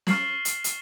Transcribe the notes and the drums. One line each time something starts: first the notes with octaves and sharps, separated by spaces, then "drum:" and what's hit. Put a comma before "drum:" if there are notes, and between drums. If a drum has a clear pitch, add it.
C#6 F6 A6 C7 E7 F#7, drum: snare
drum: hi-hat
drum: hi-hat